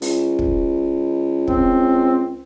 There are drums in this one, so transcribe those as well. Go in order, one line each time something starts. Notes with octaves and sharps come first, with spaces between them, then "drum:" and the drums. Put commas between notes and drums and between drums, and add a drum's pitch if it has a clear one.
C#2, drum: open hi-hat
drum: kick
C4, drum: kick